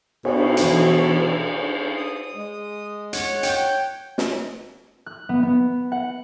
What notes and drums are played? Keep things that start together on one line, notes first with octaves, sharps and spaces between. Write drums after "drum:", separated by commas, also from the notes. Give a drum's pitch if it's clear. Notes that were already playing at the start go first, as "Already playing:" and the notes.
B2, drum: cymbal
E3, drum: hi-hat
D#6
G#3
C#5 F#5, drum: hi-hat
G5, drum: hi-hat
drum: snare
F#6
B3
B3
F#5